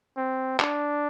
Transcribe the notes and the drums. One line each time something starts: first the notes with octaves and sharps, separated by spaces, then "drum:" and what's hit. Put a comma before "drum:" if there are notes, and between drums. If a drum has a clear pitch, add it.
C4
D4, drum: clap